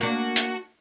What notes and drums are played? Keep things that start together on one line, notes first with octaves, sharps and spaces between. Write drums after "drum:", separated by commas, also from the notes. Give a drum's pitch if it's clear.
A#3 D4 F#4
drum: hi-hat